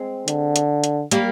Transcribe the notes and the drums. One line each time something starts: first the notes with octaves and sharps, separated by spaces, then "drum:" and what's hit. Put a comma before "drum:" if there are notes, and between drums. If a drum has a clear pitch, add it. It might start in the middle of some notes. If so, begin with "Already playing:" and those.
Already playing: G#3 C4
D3, drum: hi-hat
drum: hi-hat
drum: hi-hat
G3 A#3, drum: hi-hat